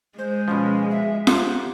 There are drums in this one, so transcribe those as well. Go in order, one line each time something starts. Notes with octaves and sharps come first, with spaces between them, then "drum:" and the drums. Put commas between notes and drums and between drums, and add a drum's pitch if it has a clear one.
G#3 C5
B2 F3 C#4
E5
F4 G4 C5 F#5, drum: snare